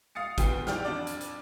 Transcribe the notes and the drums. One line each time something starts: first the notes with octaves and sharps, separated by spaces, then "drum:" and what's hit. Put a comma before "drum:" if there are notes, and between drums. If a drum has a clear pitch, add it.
F5 D#6 A6 C#7
D2 B3 G5 C7, drum: kick, hi-hat
G4 D5 G5 E6 F6, drum: snare
F2 D4 D5
drum: hi-hat
drum: hi-hat